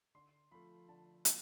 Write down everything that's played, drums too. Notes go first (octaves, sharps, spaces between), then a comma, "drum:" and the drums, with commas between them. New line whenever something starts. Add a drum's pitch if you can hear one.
D3 C6
F3 A3 B5
D3 A5
F3 F5, drum: hi-hat